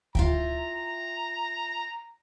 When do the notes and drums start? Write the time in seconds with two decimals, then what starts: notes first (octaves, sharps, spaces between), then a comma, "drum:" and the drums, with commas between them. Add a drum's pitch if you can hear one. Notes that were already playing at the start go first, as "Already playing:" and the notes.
0.15 F4 E5 G5 A#5, drum: kick D2